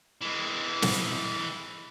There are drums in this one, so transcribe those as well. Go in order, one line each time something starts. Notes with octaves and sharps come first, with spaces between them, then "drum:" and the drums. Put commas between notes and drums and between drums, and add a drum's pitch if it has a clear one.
E3 G#3
drum: snare